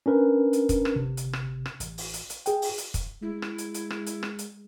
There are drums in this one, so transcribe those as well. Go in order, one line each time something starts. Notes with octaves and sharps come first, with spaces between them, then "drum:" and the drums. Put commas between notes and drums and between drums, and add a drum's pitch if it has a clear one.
C#4 D4 A#4 B4
drum: hi-hat
drum: kick, hi-hat
drum: rim click
G1 C3
drum: hi-hat
drum: rim click
drum: rim click
A1, drum: hi-hat
drum: open hi-hat
drum: hi-hat
drum: hi-hat
G#4 G5, drum: hi-hat
drum: open hi-hat
drum: hi-hat
drum: kick, hi-hat
G#3 E4
drum: rim click
drum: hi-hat
drum: hi-hat
drum: rim click
drum: hi-hat
drum: rim click
drum: hi-hat